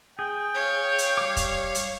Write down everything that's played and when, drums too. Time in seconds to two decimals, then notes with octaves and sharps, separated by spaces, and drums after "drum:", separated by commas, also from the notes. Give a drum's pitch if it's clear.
0.19 G#4 G5
0.55 C#5 F5
0.98 drum: hi-hat
1.17 G3 D6
1.37 drum: kick, hi-hat
1.75 drum: hi-hat